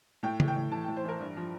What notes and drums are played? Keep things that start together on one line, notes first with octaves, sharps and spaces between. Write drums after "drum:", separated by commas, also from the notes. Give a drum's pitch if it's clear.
A2 G5
E3, drum: tom C#3
G5
A2
E3 A5
G5
A2
C5
E3 A#4
G2
F3